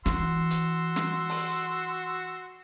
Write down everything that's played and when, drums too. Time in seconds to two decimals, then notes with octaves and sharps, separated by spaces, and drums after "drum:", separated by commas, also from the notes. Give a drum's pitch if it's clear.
0.06 E3 F#4 C6 E6, drum: snare
0.50 drum: hi-hat
0.96 drum: snare
1.29 drum: open hi-hat